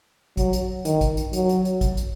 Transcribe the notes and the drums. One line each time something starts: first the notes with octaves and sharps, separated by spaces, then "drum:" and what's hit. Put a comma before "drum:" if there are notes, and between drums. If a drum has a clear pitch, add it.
F#3, drum: kick, hi-hat
drum: hi-hat
D#3, drum: hi-hat
drum: kick, hi-hat
drum: hi-hat
F#3, drum: hi-hat
drum: hi-hat
drum: hi-hat
drum: kick, hi-hat
drum: hi-hat